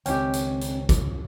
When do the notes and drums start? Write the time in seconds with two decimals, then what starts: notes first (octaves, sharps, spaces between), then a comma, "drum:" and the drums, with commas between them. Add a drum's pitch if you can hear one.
0.06 C#2 D#3 C4 C#4 D#4 G4 G5, drum: hi-hat
0.33 drum: hi-hat
0.61 drum: hi-hat
0.89 drum: kick, hi-hat